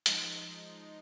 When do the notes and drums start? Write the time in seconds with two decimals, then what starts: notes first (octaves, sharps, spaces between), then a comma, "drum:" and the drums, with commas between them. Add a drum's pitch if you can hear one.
0.06 F3 G#3 D#4, drum: hi-hat